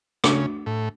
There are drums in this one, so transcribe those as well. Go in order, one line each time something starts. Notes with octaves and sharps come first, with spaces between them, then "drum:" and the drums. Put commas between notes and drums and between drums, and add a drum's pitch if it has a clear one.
C#3 A3 D4 F#4, drum: rim click
A2